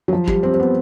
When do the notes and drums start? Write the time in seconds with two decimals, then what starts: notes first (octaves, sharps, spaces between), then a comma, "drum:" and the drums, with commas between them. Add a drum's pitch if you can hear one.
0.08 F#3
0.13 F3
0.28 G3, drum: kick
0.43 C4
0.54 C4
0.60 B3